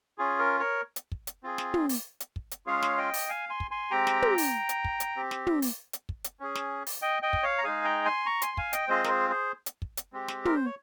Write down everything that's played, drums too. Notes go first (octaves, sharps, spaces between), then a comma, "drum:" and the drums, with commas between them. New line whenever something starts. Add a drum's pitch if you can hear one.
C#4 F4 G#4
A#4
A#4 C#5
drum: hi-hat
drum: kick
drum: hi-hat
C4 F4 G#4
drum: snare
drum: tom
drum: open hi-hat
drum: hi-hat
drum: kick
drum: hi-hat
G#3 C#4 F4 G#4 C#5 F5
drum: snare
D#5 G5
drum: open hi-hat
F5 G#5
G#5 C6
drum: kick
G#5 C6
G#3 C4 G4 G5 A#5
drum: snare
drum: tom
drum: open hi-hat
drum: hi-hat
drum: kick
drum: hi-hat
C4 G4
drum: snare
drum: tom
drum: open hi-hat
drum: hi-hat
drum: kick
drum: hi-hat
C#4 G#4
drum: snare
drum: open hi-hat
D#5 G5
D#5 G5
drum: kick
C#5 F5
A#5
G#3 D#4 G#4 F5 G#5
G5 A#5
G#5 C6
A#5 C#6
G#5 C6, drum: hi-hat
F5 G#5, drum: kick
D#5 G5, drum: hi-hat
G#3 C4 F4 G#4 C5 D#5
A#4, drum: snare
G#4 C5
G#4 C5
drum: hi-hat
drum: kick
drum: hi-hat
G#3 C4 G4
drum: snare
A#4, drum: tom
C5
C#5